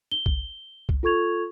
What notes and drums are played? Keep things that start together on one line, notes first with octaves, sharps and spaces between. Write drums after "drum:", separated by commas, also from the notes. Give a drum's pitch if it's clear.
G7
drum: kick C2
drum: kick C2
F4 A4 C#6 G#6 F7